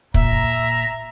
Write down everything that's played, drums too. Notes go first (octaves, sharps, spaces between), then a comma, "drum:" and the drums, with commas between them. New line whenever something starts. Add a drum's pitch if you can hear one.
A#2 E5 A#5, drum: kick